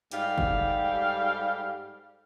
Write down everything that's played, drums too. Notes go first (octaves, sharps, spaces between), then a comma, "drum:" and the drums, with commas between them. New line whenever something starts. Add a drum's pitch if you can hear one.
G#2 G3 G4 A4 F5, drum: hi-hat
drum: kick